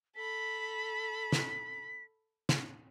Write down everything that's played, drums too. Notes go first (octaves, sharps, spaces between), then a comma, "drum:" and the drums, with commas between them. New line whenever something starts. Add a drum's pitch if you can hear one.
A4 B5 B6
drum: snare
drum: snare